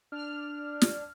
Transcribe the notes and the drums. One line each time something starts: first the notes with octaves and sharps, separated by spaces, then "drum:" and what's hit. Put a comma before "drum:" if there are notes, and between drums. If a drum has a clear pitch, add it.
D4 F6
drum: snare